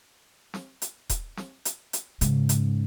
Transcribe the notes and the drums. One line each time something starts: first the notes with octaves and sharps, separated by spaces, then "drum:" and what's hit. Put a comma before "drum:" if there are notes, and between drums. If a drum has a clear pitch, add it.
drum: snare
drum: hi-hat
drum: kick D#1, hi-hat
drum: snare
drum: hi-hat
drum: hi-hat
G#2 C#3, drum: hi-hat
drum: hi-hat